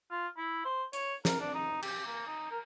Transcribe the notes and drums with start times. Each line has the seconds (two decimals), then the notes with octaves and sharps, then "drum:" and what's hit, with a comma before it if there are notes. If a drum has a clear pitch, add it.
0.11 F4
0.37 E4
0.65 C5
0.93 C#5, drum: hi-hat
1.25 A#4, drum: snare
1.40 D4
1.54 D#4
1.82 G4, drum: cymbal
2.06 A#3
2.26 D#4
2.51 A#4